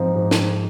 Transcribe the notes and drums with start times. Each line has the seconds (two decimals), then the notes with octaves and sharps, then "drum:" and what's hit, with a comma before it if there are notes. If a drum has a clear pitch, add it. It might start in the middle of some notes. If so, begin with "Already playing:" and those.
Already playing: G#2 F3 C4 D#4
0.15 G#2
0.31 drum: snare